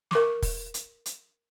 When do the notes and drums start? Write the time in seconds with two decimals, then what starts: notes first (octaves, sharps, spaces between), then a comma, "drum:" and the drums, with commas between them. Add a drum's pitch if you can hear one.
0.11 A#4 C#6 D6, drum: snare
0.42 drum: kick, open hi-hat
0.74 drum: hi-hat
1.06 drum: hi-hat